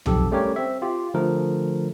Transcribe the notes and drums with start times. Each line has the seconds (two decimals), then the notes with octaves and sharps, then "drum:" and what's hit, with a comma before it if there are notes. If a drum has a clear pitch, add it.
0.06 B1 F2 G4 A4, drum: tom B1
0.31 G3 A3 C#4 G4 A#4 C#5
0.56 C4 E5
0.82 F4 G4
1.14 D3 F3 A3 A#4